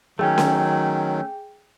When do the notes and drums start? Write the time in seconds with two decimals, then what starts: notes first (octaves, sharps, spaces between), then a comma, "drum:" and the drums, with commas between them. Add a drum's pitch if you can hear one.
0.19 D#3 F#3 A3 C#4 G#4 G5
0.38 drum: snare C#4